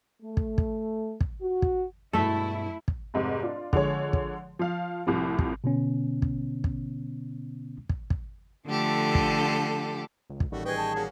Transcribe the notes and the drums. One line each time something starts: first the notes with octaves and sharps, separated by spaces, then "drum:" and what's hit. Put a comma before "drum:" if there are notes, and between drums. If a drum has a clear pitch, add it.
A3
drum: kick
drum: kick
drum: kick
F#4
drum: kick
G2 B2 G#3 A3 E4 A4 E5
drum: kick
F1 G#2 C3
D4 F4
D3 F3 G#3 C#5, drum: kick
drum: kick
F3 F5
C2 A2 C3 F3
drum: kick
B2 D3 B3 C#4
drum: kick
drum: kick
drum: kick
drum: kick
D3 F3 A3 G4 A4
drum: kick
C#2
drum: kick
A1 D#3 G3 A3 F#4
G#4 B4 D#5 G5 C#6
A5
A#3 C#4 F#4